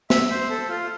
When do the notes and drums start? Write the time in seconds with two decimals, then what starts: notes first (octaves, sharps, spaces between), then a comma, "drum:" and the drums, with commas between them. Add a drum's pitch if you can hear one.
0.10 E5, drum: snare
0.30 C5
0.50 A4
0.68 F4